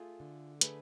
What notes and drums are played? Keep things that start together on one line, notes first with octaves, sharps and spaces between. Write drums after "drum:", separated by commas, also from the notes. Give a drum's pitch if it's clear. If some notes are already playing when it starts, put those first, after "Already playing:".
Already playing: A3 F4 G#4
D3
A3 G#4 B4, drum: hi-hat